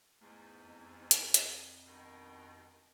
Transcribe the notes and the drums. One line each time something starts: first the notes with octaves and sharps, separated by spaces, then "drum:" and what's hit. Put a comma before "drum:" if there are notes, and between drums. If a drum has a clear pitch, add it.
E2 G#2 A3
F2
drum: hi-hat
drum: hi-hat
G2 B2 D#3